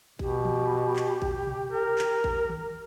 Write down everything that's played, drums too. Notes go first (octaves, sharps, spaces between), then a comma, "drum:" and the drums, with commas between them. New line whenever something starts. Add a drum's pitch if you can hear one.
B2 G4, drum: kick A1
drum: tom E3
drum: clap
drum: kick A1
drum: tom B2
A#4
drum: clap
drum: kick A1
drum: tom D#3